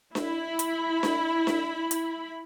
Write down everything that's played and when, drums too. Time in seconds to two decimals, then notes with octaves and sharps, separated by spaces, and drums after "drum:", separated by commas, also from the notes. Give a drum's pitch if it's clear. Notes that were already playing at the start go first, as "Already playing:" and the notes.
0.15 E4 B5, drum: snare D4
0.59 drum: hi-hat
1.03 drum: snare D4
1.47 drum: snare D4
1.91 drum: hi-hat